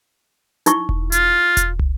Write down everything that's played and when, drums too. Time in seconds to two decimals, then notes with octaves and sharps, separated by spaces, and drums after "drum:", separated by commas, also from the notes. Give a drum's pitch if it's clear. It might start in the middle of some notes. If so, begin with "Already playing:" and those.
0.66 D#4 E4 C#6, drum: hi-hat
0.89 drum: kick E1
1.12 F4, drum: hi-hat
1.57 drum: kick E1, hi-hat
1.79 drum: tom